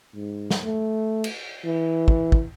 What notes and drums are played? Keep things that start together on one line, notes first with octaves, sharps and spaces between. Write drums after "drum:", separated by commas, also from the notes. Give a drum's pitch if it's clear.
G#2
drum: snare
A3
drum: cymbal
E3
drum: kick
drum: kick